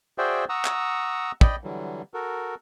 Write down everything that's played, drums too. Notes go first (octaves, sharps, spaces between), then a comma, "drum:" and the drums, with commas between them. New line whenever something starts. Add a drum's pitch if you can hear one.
F#4 G#4 C5 D5 E5 G5
F#5 A#5 C#6 D#6 E6
drum: clap
D5 D#5 G5 B5, drum: kick
D3 E3 F#3 G3
F#4 A4 A#4